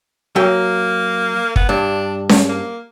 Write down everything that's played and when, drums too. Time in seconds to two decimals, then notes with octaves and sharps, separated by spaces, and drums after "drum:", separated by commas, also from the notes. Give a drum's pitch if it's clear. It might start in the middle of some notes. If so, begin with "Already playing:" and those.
0.36 F#3 A#3 G5
1.56 B3, drum: kick
1.69 G2 D4
2.30 drum: snare C#4
2.49 A#3